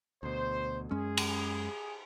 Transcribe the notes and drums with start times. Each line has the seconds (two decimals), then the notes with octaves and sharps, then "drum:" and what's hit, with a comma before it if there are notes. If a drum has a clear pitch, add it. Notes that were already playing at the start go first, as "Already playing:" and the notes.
0.23 D2 B2 C5
0.91 F#2 G#3 C#4 G#4
1.17 drum: cymbal